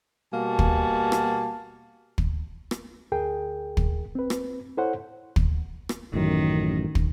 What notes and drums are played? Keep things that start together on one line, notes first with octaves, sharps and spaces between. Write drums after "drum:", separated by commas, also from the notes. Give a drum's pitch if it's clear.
B2 G3 A#3 F#4 G#5 A5
drum: kick
drum: rim click
drum: kick
drum: rim click
D2 G#4 A#4 G5
drum: kick
C4 B4
drum: rim click
E4 A4 C5 C#5 F#5
drum: kick
drum: rim click
A1 F#2 D#3
drum: kick